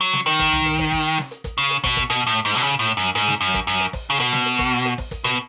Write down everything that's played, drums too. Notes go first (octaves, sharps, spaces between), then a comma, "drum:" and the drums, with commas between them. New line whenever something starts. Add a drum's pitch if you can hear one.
F#3
drum: snare
D#3, drum: hi-hat
drum: kick, hi-hat
drum: tom C2
drum: hi-hat
drum: kick, open hi-hat
drum: kick
drum: snare
drum: hi-hat
drum: kick, hi-hat
C#3
drum: hi-hat
B2, drum: kick, open hi-hat
drum: kick, hi-hat
B2, drum: hi-hat
A2
G#2
B2
C#3
A2
F#2
G#2, drum: hi-hat
drum: snare
F#2
drum: kick, hi-hat
F#2
drum: hi-hat
drum: kick, open hi-hat
C#3
B2, drum: hi-hat
drum: snare
drum: hi-hat
drum: kick, hi-hat
drum: hi-hat
drum: kick, open hi-hat
drum: kick, hi-hat
B2, drum: hi-hat